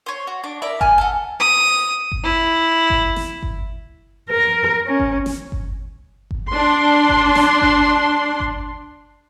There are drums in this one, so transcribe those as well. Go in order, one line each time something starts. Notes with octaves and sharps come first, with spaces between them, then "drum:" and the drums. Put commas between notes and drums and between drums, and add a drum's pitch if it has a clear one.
C5 C#5
F#4
D4 D6
E4 A#4 D5 E5
G#5 A5 F6, drum: kick G1
A4 F#5
D#6
drum: kick G1
E4
drum: kick G1
drum: snare
drum: kick G1
A#4
C#4
drum: kick G1
drum: snare
drum: kick G1
drum: kick G1
D4 C6
drum: kick G1
drum: snare
drum: kick G1
drum: kick G1